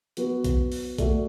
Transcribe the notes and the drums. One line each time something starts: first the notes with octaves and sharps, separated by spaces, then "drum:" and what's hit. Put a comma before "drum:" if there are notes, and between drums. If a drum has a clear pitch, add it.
F#3 B3 F#4, drum: hi-hat
drum: kick B1, hi-hat
drum: open hi-hat
A3 F#4 D5, drum: kick B1, hi-hat